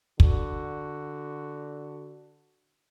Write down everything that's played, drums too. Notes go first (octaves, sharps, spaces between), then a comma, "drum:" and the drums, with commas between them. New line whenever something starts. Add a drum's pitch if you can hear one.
D3 F#4, drum: kick